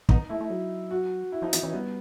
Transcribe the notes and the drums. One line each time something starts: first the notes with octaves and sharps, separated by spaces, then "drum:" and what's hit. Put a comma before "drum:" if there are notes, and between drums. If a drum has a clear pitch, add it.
B3 D#4, drum: kick
A3 E4
A3
F#3
F#4
E4
F3 D#4
E3 D#4, drum: hi-hat
E3 C#4
G3 B3